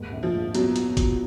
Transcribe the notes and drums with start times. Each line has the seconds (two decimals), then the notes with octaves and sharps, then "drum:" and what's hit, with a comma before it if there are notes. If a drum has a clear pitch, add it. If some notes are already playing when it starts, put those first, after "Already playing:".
Already playing: D#2 G#2
0.12 A#1
0.23 F3
0.34 G#2
0.55 F#3 B3, drum: hi-hat
0.76 drum: hi-hat
0.97 drum: kick G1, hi-hat